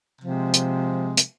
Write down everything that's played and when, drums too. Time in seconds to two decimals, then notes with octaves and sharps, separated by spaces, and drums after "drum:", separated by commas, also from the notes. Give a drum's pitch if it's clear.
0.22 C3 F3 G#3
0.54 drum: hi-hat
1.17 drum: hi-hat